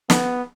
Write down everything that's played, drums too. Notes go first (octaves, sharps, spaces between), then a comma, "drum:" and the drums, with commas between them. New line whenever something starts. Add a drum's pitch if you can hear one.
B3, drum: snare